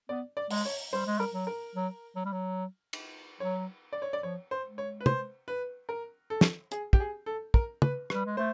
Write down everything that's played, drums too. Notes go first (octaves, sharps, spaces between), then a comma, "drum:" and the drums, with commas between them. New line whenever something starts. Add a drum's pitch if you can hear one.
B3 D5
D5
G#3, drum: open hi-hat
C#5
G3 C5
G#3
G3 A#4
F#3
A#4
F#3
F#3
G3
F#3
drum: cymbal
F#3 C#5
D5
C#5
D5
F3 C#5
C5
G#3
C#5
B4
C5, drum: tom
B4
A#4
A4
drum: snare
G#4, drum: hi-hat
G4, drum: kick
G#4
A4
A#4, drum: kick
B4, drum: tom
B4, drum: rim click
G3
G#3
A3 C5